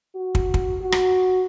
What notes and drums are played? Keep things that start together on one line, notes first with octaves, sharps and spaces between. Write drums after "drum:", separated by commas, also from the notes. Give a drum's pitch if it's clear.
F#4
drum: kick
drum: kick
F#4
drum: rim click